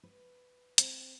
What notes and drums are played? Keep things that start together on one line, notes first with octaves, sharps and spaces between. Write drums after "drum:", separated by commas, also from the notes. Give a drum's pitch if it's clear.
B4
C4, drum: hi-hat